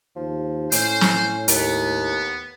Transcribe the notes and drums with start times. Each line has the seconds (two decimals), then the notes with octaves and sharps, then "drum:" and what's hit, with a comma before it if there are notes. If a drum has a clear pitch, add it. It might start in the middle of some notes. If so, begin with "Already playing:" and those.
0.16 D#2 F3
0.72 A2 C#4 C5, drum: hi-hat
1.01 drum: snare
1.48 D#2 B3, drum: hi-hat